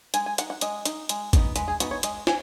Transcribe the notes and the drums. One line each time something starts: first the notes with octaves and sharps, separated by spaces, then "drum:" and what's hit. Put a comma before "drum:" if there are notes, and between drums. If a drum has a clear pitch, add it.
G#3 G#5, drum: hi-hat
G#5
D#4 F#5, drum: hi-hat
F#5
G#3 D#5, drum: hi-hat
D#4, drum: hi-hat
G#3, drum: hi-hat
B3 D#4, drum: kick G#1, hi-hat
G#3 B4, drum: hi-hat
G#4
B3 D#4 F#4, drum: hi-hat
C#5
G#3 D#5, drum: hi-hat
G#5, drum: snare